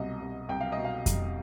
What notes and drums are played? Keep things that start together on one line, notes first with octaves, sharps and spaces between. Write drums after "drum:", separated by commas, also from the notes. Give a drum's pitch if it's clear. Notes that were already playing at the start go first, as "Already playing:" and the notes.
Already playing: C2 B2 G3 D#5
C2
C2 G5
F5
D#5
B2
F5
G3, drum: kick F2, hi-hat